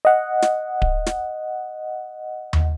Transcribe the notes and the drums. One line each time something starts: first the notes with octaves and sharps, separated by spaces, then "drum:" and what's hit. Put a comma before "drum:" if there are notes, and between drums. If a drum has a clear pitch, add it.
D#5 F#5
drum: snare
drum: kick D1
drum: snare
drum: tom D#2